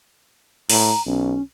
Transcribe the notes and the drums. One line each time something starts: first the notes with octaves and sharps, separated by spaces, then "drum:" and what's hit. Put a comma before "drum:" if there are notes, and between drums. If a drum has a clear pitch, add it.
A2 A#5, drum: open hi-hat
B1 C#4